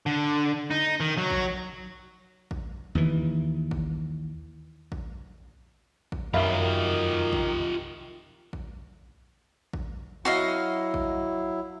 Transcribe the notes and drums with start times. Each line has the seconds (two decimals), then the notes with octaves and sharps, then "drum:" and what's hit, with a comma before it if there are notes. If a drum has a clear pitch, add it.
0.06 D3
0.71 D#4
1.00 D#3
1.18 F#3
1.30 drum: kick A1
2.51 drum: kick A1
2.95 D#2 E3
3.71 drum: kick A1
4.92 drum: kick A1
6.12 drum: kick A1
6.34 F#2 D#3 F4 G4 E5 F5 B5
7.33 drum: kick A1
8.53 drum: kick A1
9.73 drum: kick A1
10.25 F#3 E4 F#4 D#5 F5
10.94 drum: kick A1